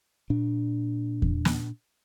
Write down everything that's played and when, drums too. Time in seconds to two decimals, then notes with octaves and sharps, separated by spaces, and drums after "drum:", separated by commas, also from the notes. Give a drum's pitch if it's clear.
0.30 A#2 D4
1.22 drum: kick E2
1.45 drum: snare